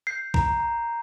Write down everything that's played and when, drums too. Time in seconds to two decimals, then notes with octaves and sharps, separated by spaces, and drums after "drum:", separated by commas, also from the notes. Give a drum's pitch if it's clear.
0.07 G6 C7
0.34 A#5, drum: kick A#1
0.61 A#5